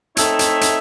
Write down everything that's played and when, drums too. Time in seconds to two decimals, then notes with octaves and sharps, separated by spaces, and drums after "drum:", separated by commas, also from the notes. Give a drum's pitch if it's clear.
0.17 A3 C4 D#4 C#5 E5, drum: hi-hat
0.39 drum: hi-hat
0.61 drum: hi-hat